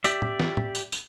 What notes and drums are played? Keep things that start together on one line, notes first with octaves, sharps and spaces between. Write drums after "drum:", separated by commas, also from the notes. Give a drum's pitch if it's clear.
G4 D5 E5, drum: tambourine
drum: tom
drum: snare
drum: tom
drum: tambourine
drum: tambourine